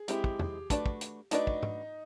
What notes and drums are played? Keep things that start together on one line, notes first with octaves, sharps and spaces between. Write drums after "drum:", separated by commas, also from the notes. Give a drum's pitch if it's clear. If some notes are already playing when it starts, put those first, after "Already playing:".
Already playing: G#4
G#3 C4 E4 G4, drum: hi-hat
drum: kick
drum: tom
A3 D4 F#4 B4 D5, drum: kick, hi-hat
drum: kick
drum: hi-hat
A3 D4 D#4 F#4 B4 D5, drum: hi-hat
drum: kick
drum: tom